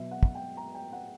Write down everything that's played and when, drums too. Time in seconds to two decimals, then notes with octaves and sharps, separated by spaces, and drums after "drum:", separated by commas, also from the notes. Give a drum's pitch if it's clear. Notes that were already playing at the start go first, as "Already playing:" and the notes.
Already playing: B2 F#3 E5
0.11 F#5
0.23 drum: kick
0.35 G5
0.57 A#5
0.74 G5
0.92 F#5